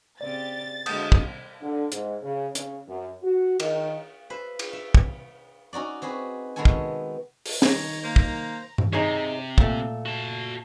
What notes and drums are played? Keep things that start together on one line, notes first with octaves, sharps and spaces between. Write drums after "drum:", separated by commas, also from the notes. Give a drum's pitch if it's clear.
C#3 C4 G4 D5 A6
D3 G#3 F#4 D#6 G6, drum: cymbal
drum: kick
D3
G#2, drum: hi-hat
C#3
C#3, drum: hi-hat
F#2
F#4
D#3, drum: cymbal
B4 C5 E5
drum: cymbal
E5
drum: kick
C#4 D#4 F#4 D5
C4 F#4 G#4 B4
D#3 G#3 B3 F#4 A4 G#5
drum: kick
drum: open hi-hat
D#3 C#5 A#5, drum: snare
A#3 C5
drum: kick
drum: tom G2
C3 D#4 G#4 C#5
A#2 A3, drum: kick
F#4 A5